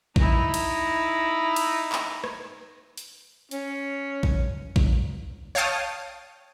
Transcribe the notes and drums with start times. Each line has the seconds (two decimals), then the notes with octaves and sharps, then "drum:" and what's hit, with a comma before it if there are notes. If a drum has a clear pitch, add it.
0.16 D#4 E4, drum: kick A#1
0.54 drum: cymbal
1.56 drum: cymbal
1.92 drum: clap
2.24 drum: rim click
2.97 drum: hi-hat
3.51 C#4, drum: hi-hat
4.23 drum: kick A#1
4.76 drum: kick A#1
5.55 C#5 F5 G5 A5 D#6 F6